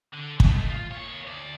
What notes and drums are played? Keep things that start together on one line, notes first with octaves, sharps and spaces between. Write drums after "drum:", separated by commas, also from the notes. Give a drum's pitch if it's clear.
D3
G#3 A3, drum: kick
F4
A#3 C#5
D2 D5